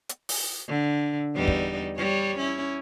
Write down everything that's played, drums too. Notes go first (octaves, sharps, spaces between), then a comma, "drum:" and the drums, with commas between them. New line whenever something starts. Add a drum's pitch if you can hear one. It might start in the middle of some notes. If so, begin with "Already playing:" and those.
drum: hi-hat
drum: open hi-hat
D3
E2 G3 D#4
drum: kick
G3 C#5
C#4 E4